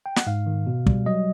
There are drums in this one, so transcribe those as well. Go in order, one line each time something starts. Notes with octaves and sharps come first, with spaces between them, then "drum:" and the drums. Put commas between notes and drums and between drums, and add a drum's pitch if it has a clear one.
G5
F#5, drum: snare
G#2 F5
D#3
B2
G3, drum: kick
F#3 D#5